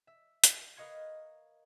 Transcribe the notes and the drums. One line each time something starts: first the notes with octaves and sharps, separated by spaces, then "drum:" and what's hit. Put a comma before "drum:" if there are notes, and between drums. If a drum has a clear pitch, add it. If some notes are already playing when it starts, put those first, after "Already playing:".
E5
B6, drum: hi-hat
A#4 B4 D#5 F5 C#6 G#6